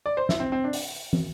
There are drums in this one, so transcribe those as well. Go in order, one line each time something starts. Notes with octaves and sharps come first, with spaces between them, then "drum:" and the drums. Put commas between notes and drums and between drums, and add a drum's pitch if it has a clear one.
D5
C5
E4, drum: snare
C4
C4
D4
drum: open hi-hat
drum: tom